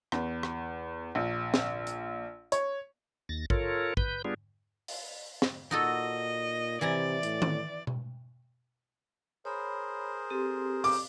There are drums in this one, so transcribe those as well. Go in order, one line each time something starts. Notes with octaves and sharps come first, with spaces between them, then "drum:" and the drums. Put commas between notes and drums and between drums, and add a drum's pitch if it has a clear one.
E2, drum: rim click
drum: rim click
A#1
drum: snare
drum: hi-hat
C#5, drum: hi-hat
D#2 A6 A#6
F4 A4 A#4 C#5, drum: kick A1
B4 G6, drum: kick A1
G3 B3 D4 F4 G#4
drum: open hi-hat
drum: snare
A#2 D#4 F#4 A4 D#5
C3 E3 D5 G#5 A#5
A2, drum: hi-hat
drum: tom D#3
drum: tom B2
G#4 A#4 C5 C#5 B5
C4 G4 A4
D6, drum: open hi-hat